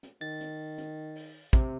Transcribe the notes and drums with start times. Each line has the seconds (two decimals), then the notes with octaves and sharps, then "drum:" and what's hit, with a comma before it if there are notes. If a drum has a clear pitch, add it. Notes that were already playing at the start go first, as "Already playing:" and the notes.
0.03 drum: hi-hat
0.21 D#3 A6
0.41 drum: hi-hat
0.78 drum: hi-hat
1.16 drum: open hi-hat
1.53 C3, drum: kick, hi-hat